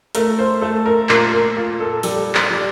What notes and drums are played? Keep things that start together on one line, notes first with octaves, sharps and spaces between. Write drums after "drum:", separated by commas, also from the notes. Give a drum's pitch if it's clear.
A3 A#4, drum: hi-hat
C5
A3 A4
A#4
A#2 A#4, drum: clap
A#4
A#2 A#4
A4
G3 A4, drum: open hi-hat
drum: clap
G3